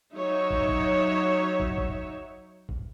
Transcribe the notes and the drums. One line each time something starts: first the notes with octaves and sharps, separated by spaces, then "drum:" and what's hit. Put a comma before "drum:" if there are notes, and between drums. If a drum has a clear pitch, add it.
F#3 D#4 C#5 E5
drum: kick
drum: kick
drum: kick
drum: kick
drum: kick